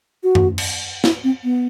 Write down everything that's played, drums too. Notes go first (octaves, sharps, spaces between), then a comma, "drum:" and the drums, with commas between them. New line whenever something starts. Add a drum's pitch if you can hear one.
F#4
drum: tom F#2
drum: cymbal
E4, drum: snare
C4
B3